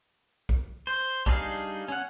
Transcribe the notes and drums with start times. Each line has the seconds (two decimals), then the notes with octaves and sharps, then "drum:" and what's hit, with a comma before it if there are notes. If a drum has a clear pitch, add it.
0.49 drum: kick B1
0.87 C5
1.26 G3 D4 D#4 G#4 F5, drum: kick B1
1.88 C#4 F#5